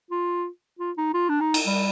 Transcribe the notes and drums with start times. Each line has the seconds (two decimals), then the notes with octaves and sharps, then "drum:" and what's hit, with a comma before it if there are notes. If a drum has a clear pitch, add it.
0.11 F4
0.79 F4
0.98 D#4
1.14 F4
1.29 D4
1.41 D#4
1.54 drum: cymbal
1.67 G3